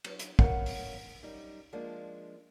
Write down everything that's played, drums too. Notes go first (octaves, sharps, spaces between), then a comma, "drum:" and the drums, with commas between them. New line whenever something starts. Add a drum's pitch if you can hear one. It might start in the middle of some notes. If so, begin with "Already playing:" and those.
F#3 C4, drum: cymbal
drum: hi-hat
F#3 B3 A#4 C#5 F5 F#5, drum: kick
drum: open hi-hat
F#2 G3 D#4
F3 G#3 A#3 D4